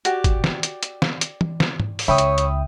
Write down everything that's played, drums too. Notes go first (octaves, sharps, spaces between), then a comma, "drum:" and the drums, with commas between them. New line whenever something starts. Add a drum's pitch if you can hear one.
F#4 G4 D5, drum: hi-hat
drum: kick, hi-hat
drum: snare
drum: hi-hat
drum: hi-hat
drum: snare
drum: hi-hat
drum: tom E3
drum: snare
drum: tom
drum: open hi-hat
C#2 C#5 E5 G5 B5 D#6
drum: hi-hat
drum: hi-hat